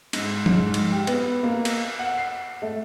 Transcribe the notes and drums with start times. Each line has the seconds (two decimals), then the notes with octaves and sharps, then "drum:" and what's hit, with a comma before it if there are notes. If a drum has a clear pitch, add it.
0.13 G#2, drum: cymbal
0.46 G#2, drum: tom
0.74 drum: cymbal
0.92 G4
1.07 B3, drum: cymbal
1.43 A#3
1.65 drum: cymbal
1.99 F#5
2.18 C7
2.62 A3